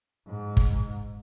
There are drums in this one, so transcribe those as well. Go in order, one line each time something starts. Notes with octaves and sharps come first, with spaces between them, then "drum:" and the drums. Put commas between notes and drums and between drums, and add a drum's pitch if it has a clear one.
G#2
drum: kick